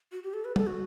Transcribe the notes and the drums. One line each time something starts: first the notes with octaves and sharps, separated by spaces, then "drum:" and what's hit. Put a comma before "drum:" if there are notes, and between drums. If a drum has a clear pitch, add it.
F#4
G4
A4
B4
A4, drum: tom G3
F#4